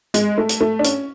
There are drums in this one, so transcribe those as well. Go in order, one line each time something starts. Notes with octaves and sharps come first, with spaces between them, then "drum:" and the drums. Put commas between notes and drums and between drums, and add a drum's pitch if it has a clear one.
G#3, drum: hi-hat
A3
drum: hi-hat
A3
D4
C#4, drum: hi-hat